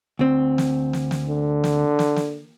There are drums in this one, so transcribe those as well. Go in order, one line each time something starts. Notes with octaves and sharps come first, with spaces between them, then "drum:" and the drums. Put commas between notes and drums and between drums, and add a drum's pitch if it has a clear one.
D2 C4
drum: snare
drum: snare
drum: snare
D3
drum: snare
drum: snare
drum: snare